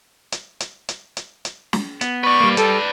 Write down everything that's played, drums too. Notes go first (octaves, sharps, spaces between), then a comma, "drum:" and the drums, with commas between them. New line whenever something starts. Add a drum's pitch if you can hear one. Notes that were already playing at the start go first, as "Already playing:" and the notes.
drum: hi-hat
drum: hi-hat
drum: hi-hat
drum: hi-hat
drum: hi-hat
drum: snare
B3, drum: hi-hat
B4 D5 C#6
G3 A#3
G3 A4, drum: hi-hat